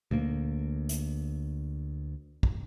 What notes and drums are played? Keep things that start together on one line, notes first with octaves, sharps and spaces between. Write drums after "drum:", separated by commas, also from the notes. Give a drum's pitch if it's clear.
D2 A#3, drum: tom A#2
drum: hi-hat
drum: kick